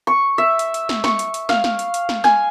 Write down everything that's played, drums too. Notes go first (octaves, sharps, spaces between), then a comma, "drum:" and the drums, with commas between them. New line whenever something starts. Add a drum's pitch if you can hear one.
C#6
E5
drum: hi-hat
drum: hi-hat
drum: snare
C#6, drum: snare
drum: hi-hat
drum: hi-hat
F5, drum: snare
drum: snare
drum: hi-hat
drum: hi-hat
drum: snare
G#5, drum: snare